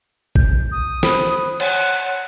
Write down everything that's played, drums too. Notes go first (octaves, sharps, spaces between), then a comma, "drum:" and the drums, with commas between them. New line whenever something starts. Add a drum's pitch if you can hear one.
G6, drum: kick A#1
D#6
C5 B5 F#6, drum: snare
C#5 F#5, drum: cymbal